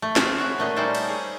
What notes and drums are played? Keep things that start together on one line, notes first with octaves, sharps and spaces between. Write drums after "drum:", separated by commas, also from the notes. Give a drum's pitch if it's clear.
A3
G#4 A4 C5 E5 F5, drum: snare
E4 F#4 C#5
A#2 A3 D#5
G3 C#4 D#4 E4 A4 C5
drum: cymbal
G#4 C#5